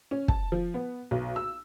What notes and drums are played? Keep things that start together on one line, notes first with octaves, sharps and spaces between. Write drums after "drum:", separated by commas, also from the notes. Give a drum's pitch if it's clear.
C#4
A5, drum: kick
F3
B3
B1
E6